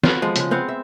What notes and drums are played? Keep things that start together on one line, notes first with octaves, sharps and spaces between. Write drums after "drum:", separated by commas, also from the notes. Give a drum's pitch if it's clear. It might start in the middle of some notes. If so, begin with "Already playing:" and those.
B3 F4 F#4 A4, drum: snare
F3 G#3
C#3 G#3, drum: hi-hat
B3 C4 F5 F#5
E5